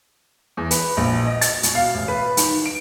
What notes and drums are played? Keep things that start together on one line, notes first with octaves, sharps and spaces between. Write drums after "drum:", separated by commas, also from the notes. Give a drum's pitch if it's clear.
E2
B4, drum: hi-hat
A#1
D#5
A6, drum: hi-hat
B2, drum: hi-hat
F5
A1
B4
D#3, drum: hi-hat
D7